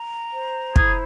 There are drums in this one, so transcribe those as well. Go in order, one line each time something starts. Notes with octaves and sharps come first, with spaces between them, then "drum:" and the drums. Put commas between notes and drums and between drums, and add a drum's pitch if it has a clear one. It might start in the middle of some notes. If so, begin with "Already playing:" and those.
Already playing: A#5
C5
E4 G#4, drum: kick